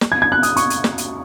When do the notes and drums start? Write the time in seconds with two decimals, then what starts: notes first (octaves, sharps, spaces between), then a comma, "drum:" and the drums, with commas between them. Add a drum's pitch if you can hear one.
0.01 drum: snare
0.12 G#6
0.22 G#6
0.32 F#6
0.43 D#6, drum: hi-hat
0.57 C#6, drum: hi-hat
0.70 drum: hi-hat
0.84 drum: snare
0.98 drum: hi-hat